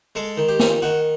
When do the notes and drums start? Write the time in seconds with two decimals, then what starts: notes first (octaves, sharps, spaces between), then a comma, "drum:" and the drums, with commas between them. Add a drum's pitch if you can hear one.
0.15 G#3 A4
0.37 D#3
0.49 G4
0.59 D#3, drum: snare
0.82 D#3 F#4